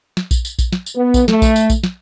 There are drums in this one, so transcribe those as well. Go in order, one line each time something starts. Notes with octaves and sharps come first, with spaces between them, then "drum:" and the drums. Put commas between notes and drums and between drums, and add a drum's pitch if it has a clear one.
drum: snare
drum: kick A#1, tambourine
drum: tambourine
drum: kick A#1, tambourine
drum: snare
drum: tambourine
B3
drum: kick A#1, tambourine
A3, drum: snare
drum: kick A#1, tambourine
drum: tambourine
drum: kick A#1, tambourine
drum: snare